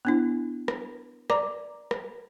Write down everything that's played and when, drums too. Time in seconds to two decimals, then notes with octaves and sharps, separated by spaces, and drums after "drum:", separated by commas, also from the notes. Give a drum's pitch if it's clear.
0.05 B3 D4 E4
0.68 drum: rim click
1.30 D5 A#5 D6, drum: rim click
1.91 drum: rim click